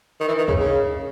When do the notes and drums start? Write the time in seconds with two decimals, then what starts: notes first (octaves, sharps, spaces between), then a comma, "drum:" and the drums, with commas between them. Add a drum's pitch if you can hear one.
0.21 D#3
0.28 E3
0.38 D#3
0.48 C#3, drum: kick C#2
0.59 C#3